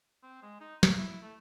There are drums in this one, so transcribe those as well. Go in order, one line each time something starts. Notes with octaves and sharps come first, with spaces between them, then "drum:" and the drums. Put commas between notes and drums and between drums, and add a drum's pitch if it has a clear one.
C4
G#3
D#4
A#3, drum: snare
E4
A3